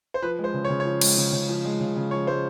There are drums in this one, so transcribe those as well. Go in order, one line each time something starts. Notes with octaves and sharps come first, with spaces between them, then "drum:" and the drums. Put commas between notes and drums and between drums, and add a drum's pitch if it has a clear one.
C5
F3 B4
G#3
C5
C#3
C#5
C#3
C#5
F3
G#3, drum: cymbal
C#3
C#3
F3
G#3
C#3
C#3
F3 C#5
G#3 C5